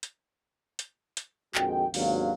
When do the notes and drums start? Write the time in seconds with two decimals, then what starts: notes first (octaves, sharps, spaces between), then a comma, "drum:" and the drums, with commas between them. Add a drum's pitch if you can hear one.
0.03 drum: hi-hat
0.79 drum: hi-hat
1.17 drum: hi-hat
1.55 A#1 F2 D#3 G#3 F#4 G5, drum: clap
1.94 G#1 D#2 F#3 B3 D4 F5, drum: open hi-hat